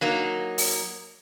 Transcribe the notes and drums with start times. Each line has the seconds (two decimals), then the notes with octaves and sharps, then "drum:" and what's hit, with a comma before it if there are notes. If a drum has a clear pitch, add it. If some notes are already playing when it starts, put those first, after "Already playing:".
0.01 F#3 A#3 D#4
0.58 drum: open hi-hat